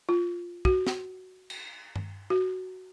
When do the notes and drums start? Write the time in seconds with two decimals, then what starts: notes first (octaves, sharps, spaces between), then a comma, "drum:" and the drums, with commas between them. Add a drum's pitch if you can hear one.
0.09 F4
0.65 F#4, drum: kick
0.87 drum: snare
1.50 drum: cymbal
1.96 drum: tom G2
2.30 F#4